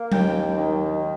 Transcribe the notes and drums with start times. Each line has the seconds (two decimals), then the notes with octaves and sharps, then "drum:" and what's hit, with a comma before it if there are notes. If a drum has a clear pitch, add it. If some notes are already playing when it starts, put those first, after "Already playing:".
Already playing: A#3
0.12 D#2 G5, drum: tom F#3
0.57 D#3